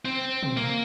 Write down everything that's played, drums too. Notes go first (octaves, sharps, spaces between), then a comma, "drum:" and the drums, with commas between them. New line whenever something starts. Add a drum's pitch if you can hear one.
C4
drum: tom
A#3